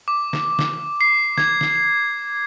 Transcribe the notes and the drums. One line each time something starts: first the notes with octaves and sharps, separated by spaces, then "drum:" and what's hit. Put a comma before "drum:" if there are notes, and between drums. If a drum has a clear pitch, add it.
D6
drum: snare
drum: snare
C7
G#6, drum: snare
drum: snare